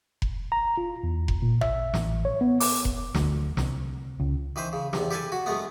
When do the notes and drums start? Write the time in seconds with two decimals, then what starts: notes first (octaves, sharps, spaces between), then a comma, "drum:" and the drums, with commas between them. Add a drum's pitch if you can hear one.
0.22 drum: kick F1
0.52 A#5
0.77 F4
1.03 E2
1.28 drum: kick F1
1.42 A#2
1.61 E5, drum: tom
1.94 A1, drum: snare
2.25 C#5
2.41 B3
2.60 D6, drum: open hi-hat
2.85 drum: kick F1
3.14 D2, drum: snare
3.57 C2, drum: snare
4.20 C#2
4.56 D#3 E3 B4 C5
4.73 C#3
4.93 E2 C3, drum: snare
5.11 G4 A4 B4 G#5 A5
5.32 F#4
5.46 F#2 G#3 A3 B3